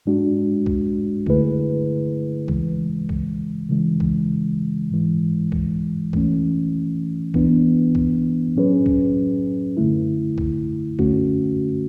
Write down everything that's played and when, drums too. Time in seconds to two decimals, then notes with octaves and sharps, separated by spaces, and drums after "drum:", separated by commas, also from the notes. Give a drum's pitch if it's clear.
0.06 G#2 G#3 D4 F#4
0.66 drum: kick B1
1.26 D3 A3 E4 G#4 B4, drum: kick B1
2.48 C#3 E3 G#3, drum: kick B1
3.09 drum: kick B1
3.69 C#3 E3 G#3
4.00 drum: kick B1
4.91 G#2 E3 G#3
5.52 drum: kick B1
6.13 E3 A3 C#4, drum: kick B1
7.34 E3 B3 D4, drum: kick B1
7.95 drum: kick B1
8.55 A2 F#3 C#4 G#4 B4
8.86 drum: kick B1
9.77 F#2 D3 A3 E4
10.38 drum: kick B1
10.99 F#2 D3 A3 C#4 F#4, drum: kick B1